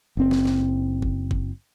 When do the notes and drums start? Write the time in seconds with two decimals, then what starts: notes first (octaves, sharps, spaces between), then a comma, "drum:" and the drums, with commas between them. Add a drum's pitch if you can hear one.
0.17 F#1 C4
0.31 drum: snare
0.45 drum: snare
1.02 drum: kick F#1
1.31 drum: kick F#1